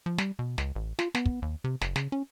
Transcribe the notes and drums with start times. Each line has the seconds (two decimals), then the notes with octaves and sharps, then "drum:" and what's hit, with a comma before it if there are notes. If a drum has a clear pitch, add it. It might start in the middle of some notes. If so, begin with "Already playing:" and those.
0.06 F3
0.18 G3, drum: snare
0.39 B2
0.58 C#2, drum: snare
0.76 A1
0.99 F4, drum: snare
1.15 B3, drum: snare
1.26 drum: kick
1.42 D#2
1.64 C3
1.81 F#1, drum: snare
1.96 C#3, drum: snare
2.12 C#4